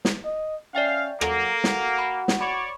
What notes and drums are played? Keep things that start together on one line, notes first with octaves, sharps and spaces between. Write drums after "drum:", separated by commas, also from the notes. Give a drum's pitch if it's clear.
drum: snare
D#5
C#4 D5 E5 F5 G5
F#3 A#3 A4, drum: rim click
F#4, drum: snare
B5
drum: snare
C#5 D5 B5 C#6